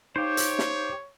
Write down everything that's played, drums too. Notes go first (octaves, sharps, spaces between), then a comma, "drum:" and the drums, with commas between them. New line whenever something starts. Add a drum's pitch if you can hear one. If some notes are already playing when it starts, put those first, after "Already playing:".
D#4 G4 C5 C#5 F5
drum: hi-hat
drum: snare